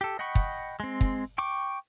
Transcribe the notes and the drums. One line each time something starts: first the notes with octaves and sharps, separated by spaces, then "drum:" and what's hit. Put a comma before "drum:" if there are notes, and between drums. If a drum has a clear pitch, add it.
G4 A4
D#5 F#5 G5 B5 C#6
drum: kick
G#3 C4
drum: kick
G5 C#6 D6